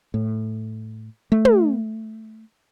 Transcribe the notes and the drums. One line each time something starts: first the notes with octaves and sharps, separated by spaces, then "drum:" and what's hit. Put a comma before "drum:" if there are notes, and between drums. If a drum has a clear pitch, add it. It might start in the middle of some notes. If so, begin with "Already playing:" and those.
A2
A3
drum: tom